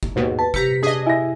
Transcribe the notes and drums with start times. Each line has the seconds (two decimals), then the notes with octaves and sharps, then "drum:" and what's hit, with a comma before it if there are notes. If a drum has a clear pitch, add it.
0.03 drum: kick F#1
0.16 D#2 G#2 B2
0.39 B4 A5
0.54 C3 G4 A#5 B6 C#7, drum: kick F#1
0.83 D4 G#4 D#5 D#6
1.06 E4 G#5 A#6